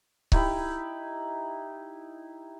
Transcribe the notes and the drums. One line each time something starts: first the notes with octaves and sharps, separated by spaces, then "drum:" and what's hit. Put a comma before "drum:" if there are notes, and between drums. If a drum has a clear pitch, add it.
D#4 E4 G4 B5, drum: kick C#1